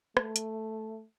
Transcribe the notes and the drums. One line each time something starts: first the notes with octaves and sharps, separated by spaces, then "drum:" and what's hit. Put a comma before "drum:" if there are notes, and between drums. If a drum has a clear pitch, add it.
A3, drum: rim click
drum: hi-hat